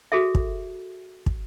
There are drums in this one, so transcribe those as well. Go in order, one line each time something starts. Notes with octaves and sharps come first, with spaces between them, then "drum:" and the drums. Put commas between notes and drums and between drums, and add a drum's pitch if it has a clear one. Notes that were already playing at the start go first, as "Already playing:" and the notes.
F#4 G#4 A4 E5
drum: kick
drum: kick